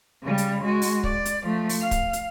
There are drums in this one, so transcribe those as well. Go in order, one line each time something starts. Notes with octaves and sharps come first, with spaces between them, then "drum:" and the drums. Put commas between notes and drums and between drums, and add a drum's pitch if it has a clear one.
C#3 G3
drum: hi-hat
G#3 F#4
drum: open hi-hat
D5, drum: kick
drum: hi-hat
F3 A3
drum: open hi-hat
F5
drum: kick, hi-hat
drum: hi-hat